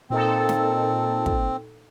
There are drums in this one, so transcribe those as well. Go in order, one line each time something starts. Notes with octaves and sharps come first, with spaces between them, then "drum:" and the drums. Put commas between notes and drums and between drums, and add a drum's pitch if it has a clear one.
A#2 C4 D#4 A4
drum: snare
drum: kick